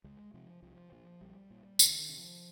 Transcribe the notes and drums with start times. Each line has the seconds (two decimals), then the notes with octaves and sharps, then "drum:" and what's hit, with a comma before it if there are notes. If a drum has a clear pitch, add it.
0.04 C#2 G#3
0.34 C3 F3
0.63 C2 F3
0.92 A#2 F3
1.21 A#1 G3
1.50 A#2
1.79 C2 D#3, drum: tambourine
1.99 D#3
2.09 C3
2.18 F3